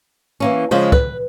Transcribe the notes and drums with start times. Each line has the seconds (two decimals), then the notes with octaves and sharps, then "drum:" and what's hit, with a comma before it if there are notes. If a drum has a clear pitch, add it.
0.40 E3 A#3 C#4
0.71 C#3 F3 G#3 C5
0.92 B4, drum: kick C#2